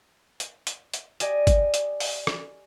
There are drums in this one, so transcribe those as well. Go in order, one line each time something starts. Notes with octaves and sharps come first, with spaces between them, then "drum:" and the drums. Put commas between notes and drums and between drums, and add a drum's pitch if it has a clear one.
drum: hi-hat
drum: hi-hat
drum: hi-hat
G4 D5 D#5 G#5, drum: hi-hat
drum: kick, hi-hat
drum: hi-hat
drum: open hi-hat
drum: rim click